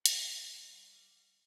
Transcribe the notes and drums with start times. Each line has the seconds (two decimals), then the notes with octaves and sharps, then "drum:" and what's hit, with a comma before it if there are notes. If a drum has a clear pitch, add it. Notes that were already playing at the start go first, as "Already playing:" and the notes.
0.06 G3 F#5, drum: hi-hat